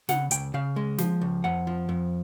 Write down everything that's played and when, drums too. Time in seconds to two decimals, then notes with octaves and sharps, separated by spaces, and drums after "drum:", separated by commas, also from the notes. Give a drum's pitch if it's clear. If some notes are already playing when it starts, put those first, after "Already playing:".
0.09 C#3 F#5, drum: snare
0.31 C#2 G5, drum: hi-hat
0.54 C#3 F5
0.76 G#3
0.98 F3, drum: snare
1.21 C#2
1.44 F2 F#5
1.67 F3
1.89 F2